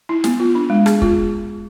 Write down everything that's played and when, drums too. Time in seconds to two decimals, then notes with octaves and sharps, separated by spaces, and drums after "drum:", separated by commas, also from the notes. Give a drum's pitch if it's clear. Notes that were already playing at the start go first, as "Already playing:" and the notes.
0.09 E4
0.24 B3, drum: snare
0.40 F4
0.55 D4
0.70 G#3
0.86 G#4, drum: rim click
1.02 F4, drum: kick